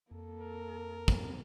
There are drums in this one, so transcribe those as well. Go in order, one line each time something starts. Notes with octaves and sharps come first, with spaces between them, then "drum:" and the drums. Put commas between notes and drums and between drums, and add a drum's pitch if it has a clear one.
F2 A#3 A4
A#4
drum: kick